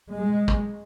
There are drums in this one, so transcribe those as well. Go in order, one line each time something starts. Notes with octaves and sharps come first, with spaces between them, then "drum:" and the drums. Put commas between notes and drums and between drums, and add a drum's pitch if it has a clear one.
G#3
drum: kick